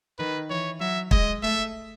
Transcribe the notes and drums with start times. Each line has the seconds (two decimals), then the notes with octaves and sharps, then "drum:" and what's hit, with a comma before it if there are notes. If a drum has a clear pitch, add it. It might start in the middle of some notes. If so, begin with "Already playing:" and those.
0.19 D#3 B4
0.50 E3 C#5
0.80 F#3 E5
1.11 G#3 D#5, drum: kick
1.42 A3 E5